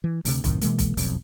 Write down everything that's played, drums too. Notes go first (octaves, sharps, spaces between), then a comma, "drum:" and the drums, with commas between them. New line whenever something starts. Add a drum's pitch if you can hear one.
E3
D2 C3, drum: open hi-hat
F#2 A2 C3 D#3, drum: kick B1, hi-hat
B2 E3 G#3 A#3, drum: hi-hat
drum: kick B1, hi-hat
E1 B1 F2, drum: open hi-hat